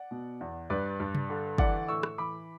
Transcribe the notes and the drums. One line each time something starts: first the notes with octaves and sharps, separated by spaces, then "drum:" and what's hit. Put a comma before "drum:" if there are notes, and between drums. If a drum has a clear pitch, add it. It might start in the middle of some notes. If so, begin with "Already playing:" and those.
Already playing: D5 F#5
B2
E2
G2 B4 D5
G2
drum: tom C3
D3
E3 D5 F#5, drum: kick
A2 C#6 E6
drum: rim click
E3 B5 D6